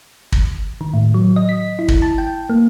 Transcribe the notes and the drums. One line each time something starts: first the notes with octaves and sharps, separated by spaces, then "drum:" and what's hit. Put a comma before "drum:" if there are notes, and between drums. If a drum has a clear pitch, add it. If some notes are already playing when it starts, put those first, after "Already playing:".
drum: kick
D#3
A2
F#3
D#5
B6
E4
drum: kick
A5
G5
A#3